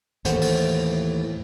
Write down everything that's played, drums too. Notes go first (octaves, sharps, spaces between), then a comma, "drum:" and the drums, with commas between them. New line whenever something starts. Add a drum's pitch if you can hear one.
D#2 A2 E3 A3 C5 F#5, drum: hi-hat
drum: open hi-hat